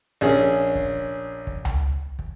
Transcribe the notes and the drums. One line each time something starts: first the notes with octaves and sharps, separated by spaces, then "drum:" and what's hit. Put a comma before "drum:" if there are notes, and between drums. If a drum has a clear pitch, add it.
A#1 C#4 G#4
drum: kick
drum: kick
drum: tom C#2
drum: kick